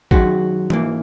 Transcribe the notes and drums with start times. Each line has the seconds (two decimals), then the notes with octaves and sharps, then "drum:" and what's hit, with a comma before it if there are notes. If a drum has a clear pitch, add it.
0.11 F#2 D#3 G#3 C#4 F#4, drum: kick
0.70 G#2 E3 A#3, drum: tom E3